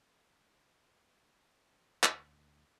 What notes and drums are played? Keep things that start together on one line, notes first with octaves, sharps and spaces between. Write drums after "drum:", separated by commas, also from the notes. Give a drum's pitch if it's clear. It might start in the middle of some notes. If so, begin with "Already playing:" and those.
D2, drum: clap